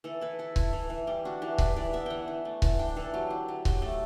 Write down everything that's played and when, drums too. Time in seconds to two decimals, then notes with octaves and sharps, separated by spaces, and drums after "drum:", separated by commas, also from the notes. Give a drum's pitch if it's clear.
0.04 E3 A4
0.21 E4 B4
0.39 E4 A4
0.56 E4, drum: kick C#1
0.73 E3
0.90 E3
1.07 G3 G4
1.25 D4 F#4
1.42 E3 G4
1.58 D4 B4, drum: kick C#1
1.76 E3 D5
1.93 B3 E5
2.06 E3 F#5 G5
2.28 E3
2.45 A3
2.62 E3 A5, drum: kick C#1
2.79 D4 G5
2.96 E3 A4
3.14 F#3 G4
3.31 F#3
3.48 F#3
3.65 F#3 G4, drum: kick C#1
3.82 A3 A4